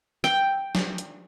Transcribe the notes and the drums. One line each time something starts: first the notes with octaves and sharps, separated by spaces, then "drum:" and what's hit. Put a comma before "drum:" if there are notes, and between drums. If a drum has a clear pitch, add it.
G5, drum: rim click
drum: snare
drum: hi-hat